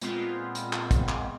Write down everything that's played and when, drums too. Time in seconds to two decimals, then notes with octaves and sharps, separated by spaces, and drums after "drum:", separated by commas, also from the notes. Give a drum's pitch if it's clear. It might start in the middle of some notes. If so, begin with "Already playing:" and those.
0.01 A#2 G#3 B3 C4 F4, drum: hi-hat
0.55 drum: hi-hat
0.73 drum: clap
0.91 drum: kick, hi-hat
1.09 drum: clap